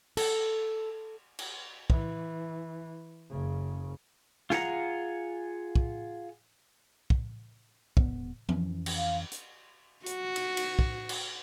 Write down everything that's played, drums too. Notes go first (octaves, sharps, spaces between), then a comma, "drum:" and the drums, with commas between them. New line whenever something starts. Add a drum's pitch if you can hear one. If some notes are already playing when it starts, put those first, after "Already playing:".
A4, drum: cymbal
drum: cymbal
E3, drum: kick
F#1 C#3
F4 G#4 F#5 A#5, drum: snare
drum: kick
drum: kick
E1 B3, drum: kick
F2 E3 C#4, drum: tom F3
drum: cymbal
F5
drum: hi-hat
F#4, drum: hi-hat
drum: cymbal
drum: cymbal
drum: kick
drum: cymbal